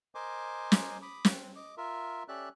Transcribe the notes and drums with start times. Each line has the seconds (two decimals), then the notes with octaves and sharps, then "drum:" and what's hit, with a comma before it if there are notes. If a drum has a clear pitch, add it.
0.15 A#4 C5 D#5 G#5 C6 D6
0.72 drum: snare
1.02 B5 D6 D#6
1.25 C4, drum: snare
1.56 D#5 D6
1.77 F4 A#4 E5
2.28 C#4 G4 A4 D5 E5 F#6